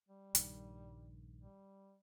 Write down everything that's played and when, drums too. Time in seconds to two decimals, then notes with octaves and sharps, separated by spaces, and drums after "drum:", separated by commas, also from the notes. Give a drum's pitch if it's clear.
0.09 G3
0.35 A#1 G2 D#3, drum: hi-hat
1.41 G3